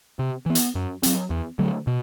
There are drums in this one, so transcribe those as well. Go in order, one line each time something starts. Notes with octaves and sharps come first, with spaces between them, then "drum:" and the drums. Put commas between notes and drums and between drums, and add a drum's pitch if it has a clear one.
C3
E3 B3
drum: hi-hat
F#2
F#3 C4, drum: hi-hat
E2
D3 F#3 A3
B2